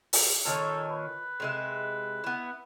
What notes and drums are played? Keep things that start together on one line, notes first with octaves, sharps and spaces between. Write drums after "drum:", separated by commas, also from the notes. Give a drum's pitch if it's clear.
drum: open hi-hat
A#2 D#3 A4 C#5
B4
C3 G#3 E5
B3 E4